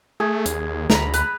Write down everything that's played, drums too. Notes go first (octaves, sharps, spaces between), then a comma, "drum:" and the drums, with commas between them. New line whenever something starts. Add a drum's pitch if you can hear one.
A3 G#4
D#2, drum: hi-hat
D#2
D2 A#5 B5, drum: snare
B4, drum: hi-hat